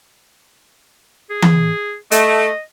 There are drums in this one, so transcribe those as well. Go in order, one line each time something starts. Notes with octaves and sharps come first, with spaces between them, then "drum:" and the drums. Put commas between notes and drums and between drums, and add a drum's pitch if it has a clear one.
G#4
drum: tom E3
A3 D#5, drum: hi-hat